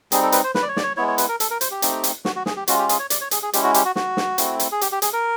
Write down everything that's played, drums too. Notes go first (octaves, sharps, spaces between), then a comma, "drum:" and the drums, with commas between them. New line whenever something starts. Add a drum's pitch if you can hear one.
G3 C4 D#4 G#4, drum: hi-hat
A4
B4, drum: hi-hat
C5
B4, drum: snare
D5
C#5
D5, drum: snare
C#5
G#3 B3 E4 C#5
C#5
B4, drum: hi-hat
A#4
A4, drum: hi-hat
A#4
C5, drum: hi-hat
G4
A3 C4 D#4, drum: hi-hat
drum: hi-hat
F#4, drum: snare
F#4
G#4, drum: snare
G4
G#3 C#4 F4 F#4, drum: hi-hat
G4
G#4, drum: hi-hat
C#5
D5, drum: hi-hat
C#5
G#4, drum: hi-hat
G#4
G#3 C#4 E4 G4, drum: hi-hat
F#4
G4, drum: hi-hat
F#4
F#4, drum: snare
drum: snare
A3 C4 E4, drum: hi-hat
drum: hi-hat
G#4
G4, drum: hi-hat
G4
G#4, drum: hi-hat
A#4